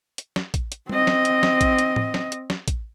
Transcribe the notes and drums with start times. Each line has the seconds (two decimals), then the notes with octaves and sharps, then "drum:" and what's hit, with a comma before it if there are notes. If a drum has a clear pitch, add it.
0.18 drum: hi-hat
0.36 drum: snare
0.54 drum: kick, hi-hat
0.72 drum: hi-hat
0.89 C4 D#5, drum: tom G3
1.07 drum: snare
1.25 drum: hi-hat
1.43 drum: snare
1.61 drum: kick, hi-hat
1.79 drum: hi-hat
1.96 drum: tom A2
2.14 drum: snare
2.32 drum: hi-hat
2.50 drum: snare
2.68 drum: kick, hi-hat